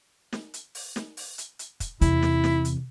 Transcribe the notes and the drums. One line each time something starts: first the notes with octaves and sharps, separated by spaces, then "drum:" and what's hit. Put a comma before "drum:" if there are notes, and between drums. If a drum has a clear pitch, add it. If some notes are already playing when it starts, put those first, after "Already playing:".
drum: snare
drum: hi-hat
drum: open hi-hat
drum: snare
drum: open hi-hat
drum: hi-hat
drum: hi-hat
drum: kick, hi-hat
E2 C3 E4, drum: hi-hat
drum: snare
drum: snare
drum: hi-hat